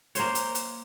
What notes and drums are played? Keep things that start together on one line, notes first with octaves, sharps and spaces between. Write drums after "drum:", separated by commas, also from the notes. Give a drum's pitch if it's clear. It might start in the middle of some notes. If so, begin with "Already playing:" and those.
A#3 A#4 C5 C#5, drum: hi-hat
drum: hi-hat
drum: hi-hat